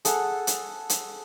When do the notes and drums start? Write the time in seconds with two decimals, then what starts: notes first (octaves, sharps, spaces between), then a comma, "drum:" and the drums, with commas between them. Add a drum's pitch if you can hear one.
0.05 G#4 A4 F#5, drum: hi-hat
0.47 drum: hi-hat
0.89 drum: hi-hat